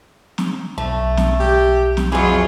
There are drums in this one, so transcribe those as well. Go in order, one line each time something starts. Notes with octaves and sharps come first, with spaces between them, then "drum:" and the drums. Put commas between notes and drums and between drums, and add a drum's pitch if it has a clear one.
drum: snare
B1 A3
drum: snare
G4
drum: snare
F2 E3 F#3 G#3 F4 G#4